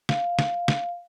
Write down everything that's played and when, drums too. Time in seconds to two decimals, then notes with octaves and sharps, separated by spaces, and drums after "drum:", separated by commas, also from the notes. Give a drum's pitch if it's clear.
0.09 F5, drum: snare
0.39 drum: snare
0.68 drum: snare